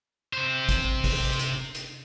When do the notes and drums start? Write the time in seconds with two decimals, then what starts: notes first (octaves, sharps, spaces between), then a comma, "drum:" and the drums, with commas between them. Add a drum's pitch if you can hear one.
0.33 C3 C5
0.69 drum: kick, hi-hat
1.04 drum: kick, open hi-hat
1.39 drum: hi-hat
1.75 drum: hi-hat